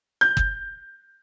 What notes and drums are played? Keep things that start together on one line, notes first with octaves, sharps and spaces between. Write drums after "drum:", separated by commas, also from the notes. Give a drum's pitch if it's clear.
G6
drum: kick G1